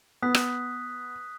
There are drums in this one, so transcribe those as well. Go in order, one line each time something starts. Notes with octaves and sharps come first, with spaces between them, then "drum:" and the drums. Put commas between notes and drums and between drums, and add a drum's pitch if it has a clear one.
B3 D#6 F#6 B6
drum: rim click